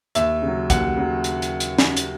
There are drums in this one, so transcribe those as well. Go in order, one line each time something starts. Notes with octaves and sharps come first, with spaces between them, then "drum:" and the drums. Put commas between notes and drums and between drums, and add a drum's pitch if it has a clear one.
D#2 E5, drum: hi-hat
C#3 F#3
D#2 F#5, drum: kick B1, hi-hat
C#3 F#3
drum: hi-hat
drum: hi-hat
drum: hi-hat
drum: snare
drum: hi-hat